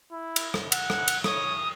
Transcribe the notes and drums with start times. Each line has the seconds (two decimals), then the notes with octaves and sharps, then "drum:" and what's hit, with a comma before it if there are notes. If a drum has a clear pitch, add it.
0.12 E4
0.36 drum: cymbal
0.54 drum: rim click
0.72 F#5, drum: cymbal
0.90 drum: rim click
1.08 drum: cymbal
1.24 C#5 D#6, drum: rim click